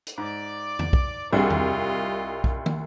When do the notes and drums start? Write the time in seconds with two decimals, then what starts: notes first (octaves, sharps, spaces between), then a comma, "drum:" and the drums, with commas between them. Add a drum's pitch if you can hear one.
0.07 drum: hi-hat
0.18 G#2 D5 D6
0.79 drum: tom E2
0.93 drum: kick
1.33 C2 G3 D4 F4 F#4 G#4 D#5
1.50 drum: tom E2
2.44 drum: kick
2.66 drum: tom